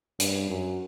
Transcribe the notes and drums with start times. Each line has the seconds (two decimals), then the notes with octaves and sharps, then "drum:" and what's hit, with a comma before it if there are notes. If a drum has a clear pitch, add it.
0.20 G2, drum: hi-hat
0.50 F#2